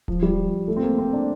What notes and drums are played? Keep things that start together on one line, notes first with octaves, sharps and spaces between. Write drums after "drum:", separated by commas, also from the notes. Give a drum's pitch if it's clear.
F3, drum: kick D1
G3
A3
C4
A#3
C4
D4